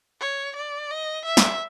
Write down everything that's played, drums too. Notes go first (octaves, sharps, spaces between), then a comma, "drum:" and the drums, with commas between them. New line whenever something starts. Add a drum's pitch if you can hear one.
C#5
D5
D#5
E5
drum: snare